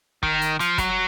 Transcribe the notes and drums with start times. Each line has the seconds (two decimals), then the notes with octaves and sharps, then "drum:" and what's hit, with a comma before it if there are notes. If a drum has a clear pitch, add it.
0.23 D#3, drum: kick
0.41 drum: hi-hat
0.60 F3, drum: hi-hat
0.78 F#3, drum: kick, hi-hat